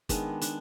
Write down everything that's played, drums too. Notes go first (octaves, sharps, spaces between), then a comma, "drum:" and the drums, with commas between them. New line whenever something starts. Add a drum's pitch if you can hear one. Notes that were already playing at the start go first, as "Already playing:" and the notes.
D#3 G#3 B3 D4, drum: kick G1, hi-hat
D4, drum: hi-hat